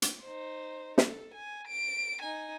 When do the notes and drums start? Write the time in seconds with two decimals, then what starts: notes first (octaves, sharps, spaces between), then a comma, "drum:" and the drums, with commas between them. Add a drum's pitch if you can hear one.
0.02 drum: hi-hat
0.24 D#4 C5
0.98 A4, drum: snare
1.34 G#5
1.68 D7
2.22 D#4 G#5